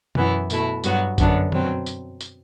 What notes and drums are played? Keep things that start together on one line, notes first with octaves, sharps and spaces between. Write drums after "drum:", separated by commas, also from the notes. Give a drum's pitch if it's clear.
F#2 E3 B3 E4, drum: tom B2
B2 A3 E4, drum: tambourine
G2 F#3 B3 F#4, drum: tambourine
F#2 D3 F#3 B3 D4, drum: kick A1, tambourine
B2 F#3 C4, drum: tom
drum: tambourine
drum: tambourine